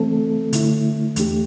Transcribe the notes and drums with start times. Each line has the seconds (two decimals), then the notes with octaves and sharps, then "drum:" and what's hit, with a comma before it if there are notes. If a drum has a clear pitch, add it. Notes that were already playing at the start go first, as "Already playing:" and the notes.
Already playing: E3 A3 C4 A4
0.53 D3 A3 E4, drum: hi-hat
1.16 E2 E3 A3 D4 G4, drum: hi-hat